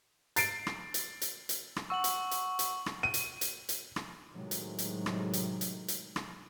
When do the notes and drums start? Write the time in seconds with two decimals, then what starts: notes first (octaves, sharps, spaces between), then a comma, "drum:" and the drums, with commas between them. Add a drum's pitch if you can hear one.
0.36 A6 C7 D7, drum: hi-hat
0.67 drum: rim click
0.94 drum: hi-hat
1.22 drum: hi-hat
1.49 drum: hi-hat
1.76 drum: rim click
1.90 F#5 C#6 E6 F#7
2.04 drum: hi-hat
2.31 drum: hi-hat
2.59 drum: hi-hat
2.86 drum: rim click
3.03 D#7
3.14 drum: hi-hat
3.41 drum: hi-hat
3.69 drum: hi-hat
3.96 drum: rim click
4.32 A2 C3 D#3 F#3 G#3
4.51 drum: hi-hat
4.79 drum: hi-hat
5.06 drum: rim click
5.33 drum: hi-hat
5.61 drum: hi-hat
5.88 drum: hi-hat
6.16 drum: rim click